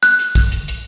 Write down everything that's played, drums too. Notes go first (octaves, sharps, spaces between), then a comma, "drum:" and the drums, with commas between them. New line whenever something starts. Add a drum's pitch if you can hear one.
F#6, drum: hi-hat
drum: hi-hat
drum: kick, hi-hat
drum: hi-hat
drum: hi-hat